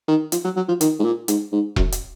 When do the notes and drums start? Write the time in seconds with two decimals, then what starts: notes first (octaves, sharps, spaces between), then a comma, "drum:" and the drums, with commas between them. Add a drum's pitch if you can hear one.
0.08 D#3
0.32 F3, drum: hi-hat
0.44 F#3
0.56 F#3
0.68 F3
0.81 D#3, drum: hi-hat
0.99 G#2
1.04 A#2
1.28 G#2, drum: hi-hat
1.52 G#2
1.76 F#2, drum: kick E1
1.92 drum: hi-hat